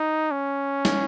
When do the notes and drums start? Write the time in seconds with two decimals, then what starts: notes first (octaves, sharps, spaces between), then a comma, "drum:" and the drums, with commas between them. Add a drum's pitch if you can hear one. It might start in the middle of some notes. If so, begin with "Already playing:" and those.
Already playing: D#4
0.31 C#4
0.85 drum: snare